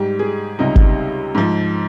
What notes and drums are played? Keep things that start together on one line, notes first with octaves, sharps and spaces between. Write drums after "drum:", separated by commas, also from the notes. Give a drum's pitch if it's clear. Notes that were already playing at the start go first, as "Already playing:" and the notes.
Already playing: G#2 G3 G4
G#4
C#2 C3 G3 D#4
drum: kick G#1
G#2 F3